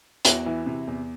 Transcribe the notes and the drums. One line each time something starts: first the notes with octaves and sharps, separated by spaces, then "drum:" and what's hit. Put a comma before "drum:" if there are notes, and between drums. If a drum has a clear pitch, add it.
E2 E4 F#4, drum: hi-hat
E3
C3
E2